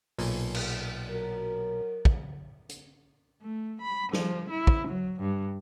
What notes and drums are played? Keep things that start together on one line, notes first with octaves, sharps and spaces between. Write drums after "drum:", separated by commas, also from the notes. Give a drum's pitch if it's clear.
B1 A#2, drum: open hi-hat
drum: cymbal
F#3 A#4
drum: kick
drum: hi-hat
A3
B5
F3, drum: snare
E4
drum: kick
F#3
G2